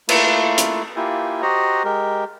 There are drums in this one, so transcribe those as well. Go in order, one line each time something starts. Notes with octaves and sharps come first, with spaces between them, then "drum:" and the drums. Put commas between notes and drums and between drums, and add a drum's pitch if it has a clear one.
A3 A#3 E4 F4, drum: cymbal
drum: hi-hat
A#3 E4 F4 G4 G#5
F#4 G4 C5 D#5 F#5 A#5
G#3 G4 A#4